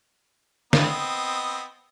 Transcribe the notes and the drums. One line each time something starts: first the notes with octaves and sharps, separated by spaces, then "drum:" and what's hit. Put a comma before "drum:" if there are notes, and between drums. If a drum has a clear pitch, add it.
B3 C4 D#5, drum: snare